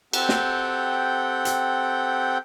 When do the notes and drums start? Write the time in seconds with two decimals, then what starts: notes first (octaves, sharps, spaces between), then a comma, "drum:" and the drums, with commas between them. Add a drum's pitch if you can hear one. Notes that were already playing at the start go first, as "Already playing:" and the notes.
0.13 C4 G4 A4 F#5 G5 G6, drum: cymbal
0.29 drum: snare
1.45 drum: hi-hat